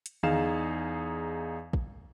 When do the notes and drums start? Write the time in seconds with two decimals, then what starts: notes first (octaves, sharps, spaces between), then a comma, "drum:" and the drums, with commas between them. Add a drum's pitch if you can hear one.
0.06 drum: hi-hat
0.23 E2 D#4 G#4 F5 E7, drum: tom D3
1.73 drum: kick